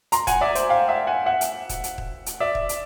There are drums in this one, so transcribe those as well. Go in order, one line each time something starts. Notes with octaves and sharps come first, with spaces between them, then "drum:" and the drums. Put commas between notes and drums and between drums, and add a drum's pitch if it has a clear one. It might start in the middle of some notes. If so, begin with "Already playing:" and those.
A#5 C6, drum: hi-hat
F#5 G#5, drum: kick D#1, hi-hat
D5 E5
C5 D5, drum: hi-hat
F5 G5
E5 F#5
F#5 G#5
E5 F#5
drum: hi-hat
drum: kick D#1, hi-hat
drum: hi-hat
drum: kick D#1
drum: hi-hat
D5 E5
drum: kick D#1
drum: hi-hat